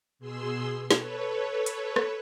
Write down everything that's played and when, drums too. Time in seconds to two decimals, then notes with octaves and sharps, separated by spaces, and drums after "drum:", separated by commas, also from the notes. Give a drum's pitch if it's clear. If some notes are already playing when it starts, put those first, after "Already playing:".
0.19 B2 G#4 C6 E6
0.91 A4 B4 C#5, drum: snare
1.66 drum: hi-hat
1.96 drum: rim click